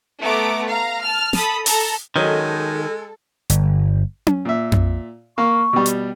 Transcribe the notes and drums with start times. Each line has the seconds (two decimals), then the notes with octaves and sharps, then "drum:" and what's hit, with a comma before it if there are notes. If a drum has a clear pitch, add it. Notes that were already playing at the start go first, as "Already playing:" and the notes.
0.21 A3 B3 A#5 D6
0.67 F5 A#5
1.03 A5 F6
1.33 A4 B5 D#6, drum: snare
1.66 A4 A#5, drum: open hi-hat
2.16 D#3 F#3 G#3 C#4 D#4 A4
3.50 G1, drum: hi-hat
4.27 drum: tom C#4
4.45 A#2 E5
4.72 drum: tom F2
5.38 A#3 F5 C#6
5.73 B2 G3
5.86 drum: hi-hat